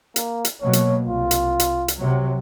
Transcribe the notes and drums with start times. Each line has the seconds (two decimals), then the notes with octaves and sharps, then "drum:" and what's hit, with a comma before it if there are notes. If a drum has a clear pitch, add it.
0.16 A#3, drum: hi-hat
0.45 drum: hi-hat
0.62 B2 F#3 A#3 C#5
0.73 drum: hi-hat
1.07 C2 F4
1.31 drum: hi-hat
1.60 drum: hi-hat
1.88 drum: hi-hat
1.97 C3 F#3